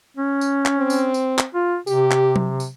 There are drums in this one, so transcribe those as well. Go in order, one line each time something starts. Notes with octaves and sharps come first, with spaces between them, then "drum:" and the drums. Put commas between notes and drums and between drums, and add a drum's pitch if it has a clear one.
C#4
drum: tambourine
drum: clap
C4
drum: tambourine
drum: tambourine
drum: clap
F4
C3 G4, drum: tambourine
drum: clap
drum: tom F#3
drum: tambourine